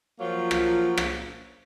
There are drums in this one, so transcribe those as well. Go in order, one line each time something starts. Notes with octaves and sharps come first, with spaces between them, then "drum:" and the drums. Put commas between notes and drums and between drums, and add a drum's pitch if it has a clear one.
F3 F#3 A#3 F4
drum: rim click
drum: rim click